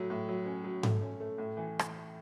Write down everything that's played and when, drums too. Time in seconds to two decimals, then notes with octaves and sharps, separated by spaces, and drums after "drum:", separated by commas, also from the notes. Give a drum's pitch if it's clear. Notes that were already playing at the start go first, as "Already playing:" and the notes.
Already playing: A2 F#3
0.10 A2
0.28 F#3
0.46 C#4
0.64 F#3
0.83 A3, drum: tom G#2
1.02 C#4
1.20 A3
1.38 A2
1.57 E3
1.79 drum: rim click